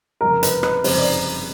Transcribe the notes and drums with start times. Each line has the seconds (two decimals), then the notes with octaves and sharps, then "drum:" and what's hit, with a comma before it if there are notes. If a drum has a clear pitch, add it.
0.21 F#1 F2 C3 A#4
0.43 B4, drum: hi-hat
0.63 B4, drum: rim click
0.84 F#1 F2 C3 C5, drum: open hi-hat
0.98 D5